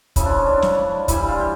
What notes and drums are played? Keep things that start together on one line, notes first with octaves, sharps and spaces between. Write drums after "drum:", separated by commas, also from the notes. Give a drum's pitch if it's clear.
C#3 F3 E4, drum: kick, hi-hat
D4
C#4
D4
drum: snare
G2 E3 G3 E4, drum: kick, hi-hat
F4
G4